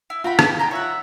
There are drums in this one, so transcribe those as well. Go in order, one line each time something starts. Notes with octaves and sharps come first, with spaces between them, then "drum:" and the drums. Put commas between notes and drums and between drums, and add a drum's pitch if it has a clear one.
E4
F4 F#4 G5 B5
drum: rim click
G5 G#5 A#5
C#5 E5 F#5